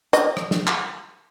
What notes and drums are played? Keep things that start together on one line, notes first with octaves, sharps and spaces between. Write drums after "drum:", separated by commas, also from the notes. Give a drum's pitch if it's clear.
D#5, drum: hi-hat
drum: rim click
drum: snare
drum: clap